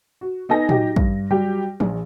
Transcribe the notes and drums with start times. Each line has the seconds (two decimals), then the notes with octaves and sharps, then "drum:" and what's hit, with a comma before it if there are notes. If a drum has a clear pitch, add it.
0.21 F#4
0.49 B3 D#4 A4 G#5 A#6
0.69 F#3 D#4 G4, drum: tom
0.96 G2, drum: kick
1.30 F#3 G3 G4
1.80 A#1, drum: tom